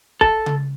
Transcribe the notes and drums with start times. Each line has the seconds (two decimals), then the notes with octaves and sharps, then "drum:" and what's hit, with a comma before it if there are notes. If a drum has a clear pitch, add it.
0.21 A4, drum: kick
0.46 drum: tom C#3